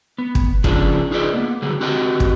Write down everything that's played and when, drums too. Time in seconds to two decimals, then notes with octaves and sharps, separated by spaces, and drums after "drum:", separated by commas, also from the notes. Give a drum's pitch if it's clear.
0.18 B3
0.35 drum: kick
0.64 C#3 F3 C#4 D4 F4 G#4, drum: kick
1.11 D#4 F4 G#4 B4 D5 D#5
1.34 A#3 B3
1.62 D3 F#3 G3 G#4
1.80 C4 F#4 G4 B4 D#5 G5
2.20 drum: kick